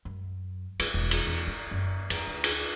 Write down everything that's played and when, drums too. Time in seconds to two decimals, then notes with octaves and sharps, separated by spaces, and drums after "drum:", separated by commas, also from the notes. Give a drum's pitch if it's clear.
0.05 F#2
0.79 A#3, drum: cymbal
0.94 E1
1.11 drum: cymbal
1.27 E2
1.47 E4
1.71 F#1
2.10 E2, drum: cymbal
2.27 D2
2.44 drum: cymbal